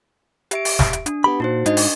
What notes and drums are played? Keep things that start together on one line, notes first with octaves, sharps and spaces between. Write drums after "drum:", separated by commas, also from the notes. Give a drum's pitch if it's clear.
G4 E5 D7, drum: hi-hat
drum: open hi-hat
drum: snare
drum: hi-hat
D4, drum: hi-hat
B3 G4 B5
A#2 D#4 F#4 C5
G#2 D4 D#4 D#5, drum: hi-hat
drum: open hi-hat